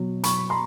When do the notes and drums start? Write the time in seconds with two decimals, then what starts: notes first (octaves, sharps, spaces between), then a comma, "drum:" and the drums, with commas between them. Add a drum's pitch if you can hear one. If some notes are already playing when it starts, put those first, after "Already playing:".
Already playing: B2 F#3
0.24 B5 C#6, drum: hi-hat
0.50 A#5 C6